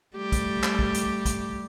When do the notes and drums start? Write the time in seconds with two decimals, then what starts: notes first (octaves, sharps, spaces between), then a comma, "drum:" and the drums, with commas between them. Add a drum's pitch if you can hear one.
0.17 G3 A3 G4
0.32 drum: kick A#1, hi-hat
0.63 drum: clap
0.79 drum: kick A#1
0.94 drum: hi-hat
1.25 drum: kick A#1, hi-hat